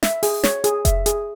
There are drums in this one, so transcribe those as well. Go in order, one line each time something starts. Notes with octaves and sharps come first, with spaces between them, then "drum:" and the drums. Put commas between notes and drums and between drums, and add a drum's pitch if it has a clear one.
E5, drum: snare
G#4, drum: open hi-hat
C#5, drum: snare
G#4, drum: hi-hat
E5, drum: kick F1, hi-hat
G#4, drum: hi-hat